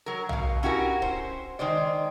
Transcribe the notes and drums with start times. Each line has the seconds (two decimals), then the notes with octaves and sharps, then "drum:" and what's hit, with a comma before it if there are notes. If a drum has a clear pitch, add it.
0.06 F#3 A#4
0.29 B2 F5, drum: tom
0.63 C#4 E4 F#4 G4 A#4
1.02 C5, drum: kick
1.59 D#3 G#3 C5 D5